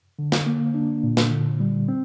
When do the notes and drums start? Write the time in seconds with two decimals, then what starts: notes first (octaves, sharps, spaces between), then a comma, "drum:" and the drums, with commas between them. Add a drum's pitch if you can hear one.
0.19 D3
0.32 drum: snare
0.46 A#3
0.74 D4
1.03 A#2
1.17 drum: snare
1.31 D3
1.60 G3
1.88 C4